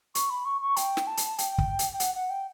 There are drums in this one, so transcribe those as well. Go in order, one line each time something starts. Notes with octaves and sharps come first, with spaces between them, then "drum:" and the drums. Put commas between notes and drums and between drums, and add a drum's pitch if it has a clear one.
C#6, drum: hi-hat
B5
C#6
C#6
G5, drum: hi-hat
drum: snare
A5
drum: hi-hat
G5, drum: hi-hat
drum: kick
drum: hi-hat
G5
F#5, drum: hi-hat
F#5
G5